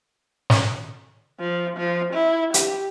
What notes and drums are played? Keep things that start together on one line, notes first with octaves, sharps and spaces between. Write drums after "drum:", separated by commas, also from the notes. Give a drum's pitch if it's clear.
drum: snare
F3
F3
E4
G4, drum: hi-hat